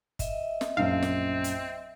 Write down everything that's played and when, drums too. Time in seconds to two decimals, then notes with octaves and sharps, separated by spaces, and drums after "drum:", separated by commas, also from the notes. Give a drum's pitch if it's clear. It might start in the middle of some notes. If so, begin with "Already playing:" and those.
0.19 D#5 E5, drum: kick, hi-hat
0.61 drum: snare
0.77 A#1 F#2 C4 F5
1.03 drum: snare
1.44 drum: hi-hat